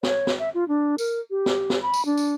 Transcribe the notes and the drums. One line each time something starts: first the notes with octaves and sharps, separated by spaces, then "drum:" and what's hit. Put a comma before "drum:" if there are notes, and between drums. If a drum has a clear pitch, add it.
C#5, drum: snare
drum: snare
E5
F4
D4
A#4, drum: tambourine
G4
drum: snare
drum: snare
B5
drum: tambourine
D4
drum: tambourine